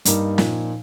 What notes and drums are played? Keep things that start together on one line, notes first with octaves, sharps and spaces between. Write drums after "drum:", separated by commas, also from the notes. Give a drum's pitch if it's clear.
G2 G3 A#3 D#4, drum: hi-hat
A#2 F3 D#4, drum: snare